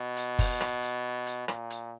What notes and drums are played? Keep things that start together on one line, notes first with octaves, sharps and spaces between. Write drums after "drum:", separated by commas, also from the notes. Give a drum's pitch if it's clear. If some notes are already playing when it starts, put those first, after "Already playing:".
Already playing: B2
drum: hi-hat
drum: kick F#1, open hi-hat
drum: rim click
drum: hi-hat
drum: hi-hat
A#2, drum: rim click
drum: hi-hat